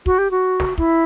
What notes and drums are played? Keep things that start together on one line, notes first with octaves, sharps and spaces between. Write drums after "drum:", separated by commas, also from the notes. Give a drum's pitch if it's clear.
F#4, drum: kick
G4
F#4
drum: snare
E4, drum: kick